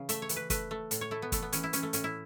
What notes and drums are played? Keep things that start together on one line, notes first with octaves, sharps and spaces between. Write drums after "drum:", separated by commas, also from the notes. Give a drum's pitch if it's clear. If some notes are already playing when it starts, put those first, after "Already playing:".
Already playing: C#3 E3
A3 E5, drum: hi-hat
C#5
E3, drum: hi-hat
B4
A3 B4, drum: kick, hi-hat
A3
A2, drum: hi-hat
C#5
A3 E4
B3
E3 A3, drum: kick, hi-hat
B3
E3 C#4, drum: hi-hat
E4
E3 C#4, drum: hi-hat
A3
A2 C#4, drum: hi-hat
E4